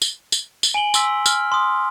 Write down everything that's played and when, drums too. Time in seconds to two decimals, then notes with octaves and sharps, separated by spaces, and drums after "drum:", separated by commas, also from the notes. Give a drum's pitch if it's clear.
0.02 drum: tambourine
0.32 drum: tambourine
0.63 drum: tambourine
0.74 G#5 D7 F#7 G7
0.94 C6 E6 B6, drum: tambourine
1.26 F6, drum: tambourine
1.52 C6 D#6